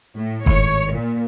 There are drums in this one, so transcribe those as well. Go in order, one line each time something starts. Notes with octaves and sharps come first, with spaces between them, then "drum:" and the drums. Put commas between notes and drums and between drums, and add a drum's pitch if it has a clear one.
A2
G#1 A2 C#5, drum: kick F#1
A#2